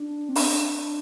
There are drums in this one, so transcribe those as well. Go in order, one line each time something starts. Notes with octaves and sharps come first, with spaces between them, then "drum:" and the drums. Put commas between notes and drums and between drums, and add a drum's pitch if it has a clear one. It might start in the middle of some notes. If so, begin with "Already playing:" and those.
Already playing: D4
C4
D4, drum: open hi-hat